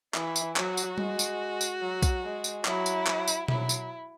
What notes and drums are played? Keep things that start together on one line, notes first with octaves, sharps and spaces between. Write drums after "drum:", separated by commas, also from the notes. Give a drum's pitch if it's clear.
E3 E4, drum: clap
drum: tambourine
F#3 F#4, drum: clap
drum: tambourine
G#3, drum: tom G3
drum: tambourine
drum: tambourine
F#3
drum: kick B1, tambourine
G#3
drum: tambourine
F#3 E4, drum: clap
drum: tambourine
drum: clap
drum: tambourine
F#3 E4, drum: tom B2
drum: tambourine